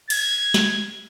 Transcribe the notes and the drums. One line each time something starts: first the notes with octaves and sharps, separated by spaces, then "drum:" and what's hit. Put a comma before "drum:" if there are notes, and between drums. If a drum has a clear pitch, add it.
G#6, drum: cymbal
drum: snare